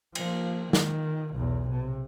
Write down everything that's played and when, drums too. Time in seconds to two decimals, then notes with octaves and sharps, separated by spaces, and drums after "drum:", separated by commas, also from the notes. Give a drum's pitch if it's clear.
0.15 F3 A#3, drum: cymbal
0.73 D#3, drum: snare
1.35 B1 E2
1.70 C3